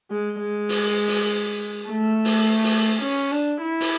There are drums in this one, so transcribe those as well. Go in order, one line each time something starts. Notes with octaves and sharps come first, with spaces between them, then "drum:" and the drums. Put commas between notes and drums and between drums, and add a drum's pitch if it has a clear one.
G#3
G#3
drum: open hi-hat
drum: open hi-hat
A3
drum: open hi-hat
drum: open hi-hat
C#4
D4
E4
drum: open hi-hat